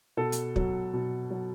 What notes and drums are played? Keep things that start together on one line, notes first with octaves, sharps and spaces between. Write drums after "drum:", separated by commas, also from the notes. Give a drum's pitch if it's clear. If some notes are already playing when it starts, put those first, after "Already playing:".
B2 A4
drum: hi-hat
F#3, drum: kick
B2
F#3